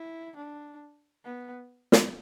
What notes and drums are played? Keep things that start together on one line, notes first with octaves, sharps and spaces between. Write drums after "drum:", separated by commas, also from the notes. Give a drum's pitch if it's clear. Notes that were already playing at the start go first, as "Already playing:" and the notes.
Already playing: E4
D4
B3
drum: snare